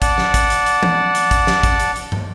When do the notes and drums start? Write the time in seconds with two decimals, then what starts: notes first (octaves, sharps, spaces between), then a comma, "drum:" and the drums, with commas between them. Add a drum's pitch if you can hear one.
0.02 D5 F#5 A5, drum: kick, hi-hat
0.18 drum: snare
0.34 drum: kick, hi-hat
0.50 drum: hi-hat
0.66 drum: hi-hat
0.83 drum: tom
1.15 drum: hi-hat
1.31 drum: kick, hi-hat
1.47 drum: snare
1.63 drum: kick, hi-hat
1.80 drum: hi-hat
1.96 drum: hi-hat
2.12 drum: tom